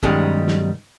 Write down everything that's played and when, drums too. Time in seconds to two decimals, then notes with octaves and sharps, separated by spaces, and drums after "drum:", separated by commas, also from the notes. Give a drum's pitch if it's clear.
0.03 B1 G2 D#3 G3 G#3 C#4, drum: kick
0.48 drum: snare